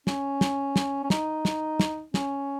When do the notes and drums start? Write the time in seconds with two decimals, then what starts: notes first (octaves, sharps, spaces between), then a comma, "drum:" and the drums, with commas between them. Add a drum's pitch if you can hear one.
0.07 C#4, drum: snare
0.41 drum: snare
0.76 drum: snare
1.03 C#4
1.10 D#4, drum: snare
1.45 drum: snare
1.80 drum: snare
2.14 C#4, drum: snare